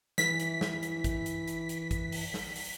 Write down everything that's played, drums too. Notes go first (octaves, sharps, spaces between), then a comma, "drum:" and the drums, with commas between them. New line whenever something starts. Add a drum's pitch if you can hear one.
E3 B6, drum: snare
drum: hi-hat
drum: snare
drum: hi-hat
drum: kick, hi-hat
drum: hi-hat
drum: hi-hat
drum: hi-hat
drum: kick, hi-hat
drum: open hi-hat
drum: snare
drum: open hi-hat